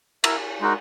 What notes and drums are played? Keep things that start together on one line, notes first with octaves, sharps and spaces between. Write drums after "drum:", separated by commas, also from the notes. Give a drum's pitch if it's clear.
E4 A#4 E5, drum: cymbal
G#3 D#4 F#4 A#4